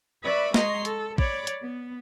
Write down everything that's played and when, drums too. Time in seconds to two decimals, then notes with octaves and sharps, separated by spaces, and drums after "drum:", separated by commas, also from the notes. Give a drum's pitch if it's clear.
0.24 B4 D5 E5 B5 C#6
0.54 G#3 D#5 A#5 C6 C#6, drum: snare
0.85 A4, drum: hi-hat
1.18 C#5 D5 B5 D6, drum: kick
1.47 drum: hi-hat
1.63 B3